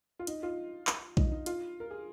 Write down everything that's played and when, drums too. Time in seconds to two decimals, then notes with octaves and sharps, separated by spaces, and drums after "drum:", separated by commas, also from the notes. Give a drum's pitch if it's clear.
0.19 F4
0.27 D#4, drum: hi-hat
0.43 F4
0.87 drum: clap
1.17 D#4, drum: kick
1.32 D#4
1.46 F4, drum: hi-hat
1.80 A#4
1.91 G#4